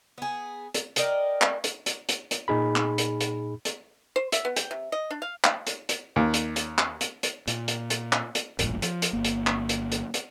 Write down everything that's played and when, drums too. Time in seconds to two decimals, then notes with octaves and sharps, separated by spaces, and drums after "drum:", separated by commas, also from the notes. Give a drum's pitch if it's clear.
0.18 B3 G#4
0.74 drum: hi-hat
0.96 A#4 D5 D#5 G5, drum: hi-hat
1.42 drum: clap
1.64 drum: hi-hat
1.86 drum: hi-hat
2.09 drum: hi-hat
2.31 drum: hi-hat
2.48 A#2 D#4 G#4 B5
2.76 drum: clap
2.98 drum: hi-hat
3.20 drum: hi-hat
3.65 drum: hi-hat
4.16 C5
4.32 E5, drum: hi-hat
4.45 B3
4.56 G5, drum: hi-hat
4.71 C3
4.92 D#5
5.11 D4
5.22 F5
5.44 drum: clap
5.67 drum: hi-hat
5.89 drum: hi-hat
6.16 D#2
6.34 drum: hi-hat
6.56 drum: hi-hat
6.78 drum: clap
7.01 drum: hi-hat
7.23 drum: hi-hat
7.48 A#2, drum: hi-hat
7.68 drum: hi-hat
7.90 drum: hi-hat
8.13 drum: clap
8.35 drum: hi-hat
8.59 E1 A1 G2 A#2, drum: hi-hat
8.82 F3, drum: hi-hat
9.02 drum: hi-hat
9.13 G1 A#3
9.24 drum: hi-hat
9.47 drum: clap
9.69 drum: hi-hat
9.92 drum: hi-hat
10.14 drum: hi-hat